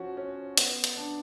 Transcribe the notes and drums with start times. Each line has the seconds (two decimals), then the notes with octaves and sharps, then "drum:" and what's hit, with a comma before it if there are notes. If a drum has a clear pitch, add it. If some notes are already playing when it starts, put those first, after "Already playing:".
Already playing: F3 C#4 F#4
0.17 C#4
0.57 B3, drum: hi-hat
0.84 drum: hi-hat
0.97 D4